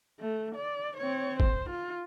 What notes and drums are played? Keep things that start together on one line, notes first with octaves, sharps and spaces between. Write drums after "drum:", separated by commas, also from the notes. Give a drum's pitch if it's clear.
A3
D5
C4 C#5
C5, drum: kick
F4